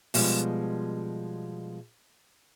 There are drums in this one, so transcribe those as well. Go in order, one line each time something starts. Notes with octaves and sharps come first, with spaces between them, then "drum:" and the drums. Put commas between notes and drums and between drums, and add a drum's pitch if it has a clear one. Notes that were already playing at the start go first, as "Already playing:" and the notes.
B2 F3 G3 G#3, drum: open hi-hat